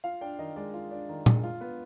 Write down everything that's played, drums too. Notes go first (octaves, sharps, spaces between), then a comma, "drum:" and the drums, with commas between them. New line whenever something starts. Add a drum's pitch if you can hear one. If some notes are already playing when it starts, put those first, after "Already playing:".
F4 F5
D4 G5
D#3 D#5
G#3 D5
F4
D4
D#3
G#3, drum: tom
F4
B3